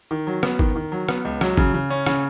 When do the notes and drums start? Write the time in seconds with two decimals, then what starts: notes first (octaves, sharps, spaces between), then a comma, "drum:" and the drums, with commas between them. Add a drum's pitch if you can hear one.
0.11 D#3
0.27 F#3
0.43 B3, drum: rim click
0.59 D#3, drum: kick
0.76 D#3
0.92 F#3
1.09 B3, drum: rim click
1.25 C#2
1.41 F#3, drum: rim click
1.57 C#3, drum: kick
1.74 C#3
1.90 C#4
2.06 C#3, drum: rim click